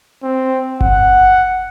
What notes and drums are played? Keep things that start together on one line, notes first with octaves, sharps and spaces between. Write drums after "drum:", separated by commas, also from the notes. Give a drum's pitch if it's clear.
C4
F#5, drum: kick G1